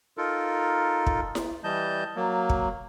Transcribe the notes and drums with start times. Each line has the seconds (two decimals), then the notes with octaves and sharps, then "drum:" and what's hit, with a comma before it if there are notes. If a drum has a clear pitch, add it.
0.18 D#4 F4 A4 A#4
1.07 drum: kick
1.35 drum: snare E4
1.64 E3 G3 D#5 A5 G6
2.16 F#3 A#3
2.50 drum: kick